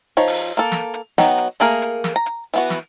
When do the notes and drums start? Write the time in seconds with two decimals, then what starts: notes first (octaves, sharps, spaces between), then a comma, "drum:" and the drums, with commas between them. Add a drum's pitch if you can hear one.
0.17 F3 D#4 C#5
0.28 drum: open hi-hat
0.57 A#3 A4
0.72 drum: snare
0.94 drum: hi-hat
1.18 F#3 B3 D#4 G5, drum: snare
1.38 drum: hi-hat
1.60 A3 A#3 G#4 A#4, drum: hi-hat
1.82 drum: hi-hat
2.04 drum: snare
2.16 A#5
2.26 drum: hi-hat
2.54 E3 B3 F#4
2.70 drum: snare